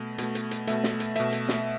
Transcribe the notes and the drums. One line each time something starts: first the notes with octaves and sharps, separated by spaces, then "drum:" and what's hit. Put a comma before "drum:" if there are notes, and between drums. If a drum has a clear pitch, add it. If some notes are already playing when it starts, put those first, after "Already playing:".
Already playing: B2 A3
B2 A3, drum: hi-hat
drum: hi-hat
drum: hi-hat
B2 A3 E5, drum: hi-hat
drum: snare
drum: hi-hat
B2 A3 E5, drum: hi-hat
drum: hi-hat
drum: snare